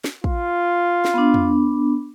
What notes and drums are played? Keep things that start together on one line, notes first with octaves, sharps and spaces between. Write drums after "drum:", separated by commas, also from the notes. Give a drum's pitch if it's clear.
drum: snare
F4, drum: kick
drum: snare
B3 D4
drum: tom E2